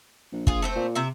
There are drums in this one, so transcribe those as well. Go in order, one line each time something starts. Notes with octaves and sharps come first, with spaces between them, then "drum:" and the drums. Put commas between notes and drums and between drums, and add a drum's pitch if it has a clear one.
A#1
F4 G#4, drum: kick
A3 C4 C5
A#2
C3 E5